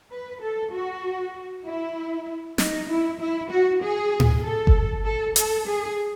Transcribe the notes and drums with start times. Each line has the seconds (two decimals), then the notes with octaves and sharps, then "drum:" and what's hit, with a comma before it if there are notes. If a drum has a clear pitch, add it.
0.11 B4
0.41 A4
0.73 F#4
1.65 E4
2.58 D#4, drum: snare
2.88 E4
3.20 E4
3.50 F#4
3.82 G#4
4.20 drum: tom A2
4.43 A4
4.67 drum: kick G1
5.05 A4
5.36 A4, drum: hi-hat
5.66 G#4